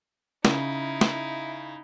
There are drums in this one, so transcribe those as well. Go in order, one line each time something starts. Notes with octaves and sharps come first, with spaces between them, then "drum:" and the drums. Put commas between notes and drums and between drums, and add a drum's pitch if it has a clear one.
C#3 D#4 E4, drum: snare
drum: snare